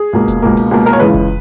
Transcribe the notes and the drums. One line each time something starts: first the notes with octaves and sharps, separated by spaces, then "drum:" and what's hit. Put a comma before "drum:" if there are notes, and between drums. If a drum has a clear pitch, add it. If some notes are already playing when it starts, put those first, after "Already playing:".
Already playing: G#4
C#2 B2 A#3
drum: kick F1, hi-hat
C#2 B2 A#3
drum: open hi-hat
C#2 B2 A#3
A#4, drum: hi-hat
C#5
C#2 C#3 E3 G#3 B4
drum: kick F1